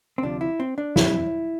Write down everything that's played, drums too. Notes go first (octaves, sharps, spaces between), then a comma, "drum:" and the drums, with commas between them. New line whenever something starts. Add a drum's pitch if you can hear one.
C4
D2 C3 F3 D4
E4
C4
D4
F2 E3 G3 C4 E4, drum: snare